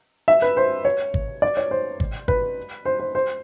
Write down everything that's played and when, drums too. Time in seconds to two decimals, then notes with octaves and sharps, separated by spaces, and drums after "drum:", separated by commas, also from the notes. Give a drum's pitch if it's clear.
0.28 E5
0.42 B4
0.57 C5
0.85 C#5
1.14 drum: kick
1.42 D5
1.57 C#5
1.71 C5
2.00 drum: kick
2.28 B4, drum: kick
2.85 C5
3.00 C5
3.15 C5